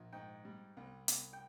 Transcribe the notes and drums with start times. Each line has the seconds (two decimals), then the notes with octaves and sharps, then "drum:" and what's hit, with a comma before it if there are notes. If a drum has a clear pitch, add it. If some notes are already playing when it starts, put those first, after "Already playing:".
Already playing: A#1
0.13 G#2 G5
0.45 G3
0.77 C2
1.08 C2, drum: hi-hat
1.33 G5